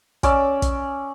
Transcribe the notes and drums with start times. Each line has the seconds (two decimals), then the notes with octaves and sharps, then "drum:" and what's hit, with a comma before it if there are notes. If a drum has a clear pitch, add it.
0.23 C#4 D5 D6 E6, drum: kick, hi-hat
0.62 drum: kick, hi-hat